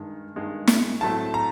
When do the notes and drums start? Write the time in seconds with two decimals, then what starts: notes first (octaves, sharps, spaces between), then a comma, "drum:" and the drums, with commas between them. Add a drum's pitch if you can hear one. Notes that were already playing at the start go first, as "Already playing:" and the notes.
Already playing: G2 D#3 G#3
0.36 G2 D#3 G#3
0.67 drum: snare
1.01 A2 F#3 A3 C4 A5
1.34 A#5